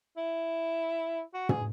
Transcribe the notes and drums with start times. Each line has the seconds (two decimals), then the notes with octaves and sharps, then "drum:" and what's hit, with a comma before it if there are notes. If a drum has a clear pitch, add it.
0.17 E4
1.34 F#4
1.49 G#4, drum: tom